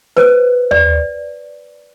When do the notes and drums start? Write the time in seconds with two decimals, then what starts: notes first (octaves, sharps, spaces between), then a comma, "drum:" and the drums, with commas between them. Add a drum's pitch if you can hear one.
0.17 B4 C5, drum: snare A#3
0.71 D5, drum: tom D#2